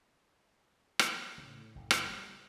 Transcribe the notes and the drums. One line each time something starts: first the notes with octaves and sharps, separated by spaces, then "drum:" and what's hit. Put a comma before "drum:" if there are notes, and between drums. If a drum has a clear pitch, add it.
drum: rim click
A2 C#3
F#1
drum: rim click
G3